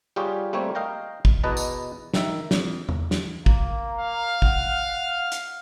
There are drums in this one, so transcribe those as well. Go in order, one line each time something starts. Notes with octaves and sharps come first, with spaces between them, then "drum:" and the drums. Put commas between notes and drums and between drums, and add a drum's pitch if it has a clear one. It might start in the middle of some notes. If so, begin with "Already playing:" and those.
G3 F4 G4 G#4 C#5
G3 A3 A#3 C4 C5 C#5
D#5 F5 G5 A#5
drum: kick
E2 B2 B4 D#5 A5 A#5
drum: tambourine
D#3 E5, drum: snare
F2, drum: snare
drum: tom E2
drum: snare
A#3, drum: kick
F5
F#5, drum: kick
drum: hi-hat